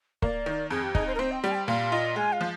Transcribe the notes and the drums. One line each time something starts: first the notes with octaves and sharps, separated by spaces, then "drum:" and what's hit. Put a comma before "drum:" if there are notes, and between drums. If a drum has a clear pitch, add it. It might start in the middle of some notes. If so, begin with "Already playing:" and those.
A#3 D5, drum: kick
D#3
F2 G#4
G4
D#4 G#4, drum: kick
C5
A#4
C4 C5
G5
G3 G5
G#5
G5
A#2 F5
F4 D#5
G#3 G#5
F5
F3